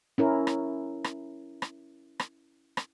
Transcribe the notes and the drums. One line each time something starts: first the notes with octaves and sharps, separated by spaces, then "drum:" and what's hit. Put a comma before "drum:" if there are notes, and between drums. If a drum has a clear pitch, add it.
C#4 E4 A#4
drum: rim click
drum: rim click
drum: rim click
drum: rim click
drum: rim click